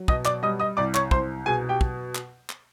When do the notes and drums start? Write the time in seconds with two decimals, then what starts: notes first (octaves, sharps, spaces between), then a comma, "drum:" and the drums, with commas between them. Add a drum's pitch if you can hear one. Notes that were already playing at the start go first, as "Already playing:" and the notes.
Already playing: F#3
0.08 B2 D#5 D#6, drum: kick
0.25 D5 D6, drum: clap
0.43 G3 D#5 D#6
0.60 D#5 D#6
0.77 C2 D5 D6
0.94 C#5 C#6, drum: clap
1.11 C2 C5 C6, drum: kick
1.46 B2 G#4 G#5
1.69 G4 G5
1.81 drum: kick
2.15 drum: clap
2.50 drum: clap